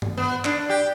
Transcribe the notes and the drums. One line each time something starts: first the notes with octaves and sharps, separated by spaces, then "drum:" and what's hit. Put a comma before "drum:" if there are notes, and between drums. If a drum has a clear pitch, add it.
drum: tom
B3
D4, drum: clap
G4